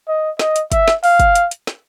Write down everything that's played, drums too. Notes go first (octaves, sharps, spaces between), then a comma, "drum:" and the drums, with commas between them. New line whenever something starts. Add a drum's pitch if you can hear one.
D#5
D#5, drum: snare
drum: hi-hat
E5, drum: kick, hi-hat
drum: snare
F5, drum: open hi-hat
drum: kick, hi-hat
drum: hi-hat
drum: hi-hat
drum: snare